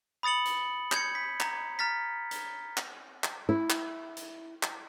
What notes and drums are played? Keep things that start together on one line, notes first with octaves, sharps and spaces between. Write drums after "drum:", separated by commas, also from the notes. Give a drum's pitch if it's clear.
B5 D#6 A6 C#7 F#7
drum: hi-hat
G6 G#6 C#7, drum: clap
B6
A#5, drum: clap
A#5 F6 A6 B6
drum: hi-hat
drum: clap
drum: clap
E4
drum: clap
drum: hi-hat
drum: clap